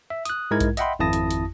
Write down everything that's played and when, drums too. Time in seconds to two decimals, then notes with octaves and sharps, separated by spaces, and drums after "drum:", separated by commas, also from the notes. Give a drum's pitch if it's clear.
0.10 E5
0.25 D#6 F#6, drum: hi-hat
0.51 G#2 G#3 E4 A#4 G#6
0.60 drum: kick B1, hi-hat
0.77 D#5 E5 F#5 G5 B5 C6, drum: hi-hat
0.99 G#1 F2 E4 A5 D#6 A#6
1.13 drum: hi-hat
1.31 drum: hi-hat